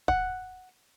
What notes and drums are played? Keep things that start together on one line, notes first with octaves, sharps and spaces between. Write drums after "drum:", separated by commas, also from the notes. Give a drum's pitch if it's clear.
F#5, drum: kick D1